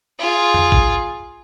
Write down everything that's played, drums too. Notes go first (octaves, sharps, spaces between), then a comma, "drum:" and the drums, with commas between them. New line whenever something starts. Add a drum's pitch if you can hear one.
F4 G#4
drum: tom F2
drum: kick A1